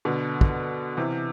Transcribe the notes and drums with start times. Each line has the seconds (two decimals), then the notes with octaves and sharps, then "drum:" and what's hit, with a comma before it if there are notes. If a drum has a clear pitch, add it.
0.05 B2 D3
0.41 drum: kick
0.97 C3 E3